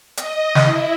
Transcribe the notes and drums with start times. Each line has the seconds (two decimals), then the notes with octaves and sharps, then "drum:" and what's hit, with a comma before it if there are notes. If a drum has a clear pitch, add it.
0.17 D#5, drum: hi-hat
0.55 drum: snare
0.65 E4